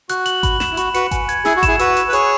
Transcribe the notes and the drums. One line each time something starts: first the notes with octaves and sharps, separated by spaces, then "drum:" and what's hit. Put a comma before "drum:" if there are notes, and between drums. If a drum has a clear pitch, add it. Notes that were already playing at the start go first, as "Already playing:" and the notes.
F#4 F#6, drum: hi-hat
F#7, drum: hi-hat
B5, drum: kick G#1, hi-hat
E7, drum: snare
E4
F#4 B5, drum: hi-hat
F#4 B4 C#7, drum: hi-hat
G#5, drum: kick G#1, hi-hat
G#6, drum: hi-hat
E4 G#4 E6, drum: snare
F#4
E7, drum: kick G#1, hi-hat
E4 G#4
F#4 B4 E6, drum: hi-hat
E7, drum: hi-hat
B4
G#4 C#5 B5, drum: hi-hat